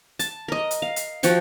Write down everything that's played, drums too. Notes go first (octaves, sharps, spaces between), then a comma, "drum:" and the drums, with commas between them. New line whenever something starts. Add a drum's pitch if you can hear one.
A5, drum: hi-hat
A#4 D#5
drum: hi-hat
F5
drum: hi-hat
F3 F#4 G5 C#6, drum: hi-hat